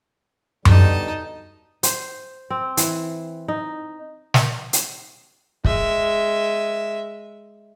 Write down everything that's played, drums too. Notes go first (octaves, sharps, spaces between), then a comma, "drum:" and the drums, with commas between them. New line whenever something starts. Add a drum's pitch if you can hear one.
B2 D3 G3 D#4 A5, drum: tom F#2
C5, drum: hi-hat
C4
E3, drum: hi-hat
D#4
drum: snare
drum: hi-hat
G#3 E5, drum: kick